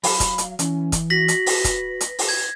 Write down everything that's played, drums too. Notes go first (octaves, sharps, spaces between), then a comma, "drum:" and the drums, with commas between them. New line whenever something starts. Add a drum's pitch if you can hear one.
F#3 F5 B5, drum: open hi-hat
drum: kick, hi-hat
drum: hi-hat
E3 C#4, drum: hi-hat
drum: kick, hi-hat
F#4 A#6 B6 F#7
drum: hi-hat
B4, drum: open hi-hat
drum: kick, hi-hat
drum: hi-hat
drum: open hi-hat
G#6